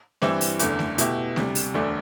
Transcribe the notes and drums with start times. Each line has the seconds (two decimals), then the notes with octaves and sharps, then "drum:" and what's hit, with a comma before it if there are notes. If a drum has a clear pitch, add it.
0.22 G2 E3 G3 C4 E4, drum: snare A3
0.41 drum: open hi-hat
0.59 F#1 E2 D3 A3, drum: hi-hat
0.79 drum: snare A3
0.98 B2 A3 E4 G4, drum: hi-hat
1.36 D2 C3 G3, drum: snare A3
1.55 drum: open hi-hat
1.74 E1 D2 D3 A3 D4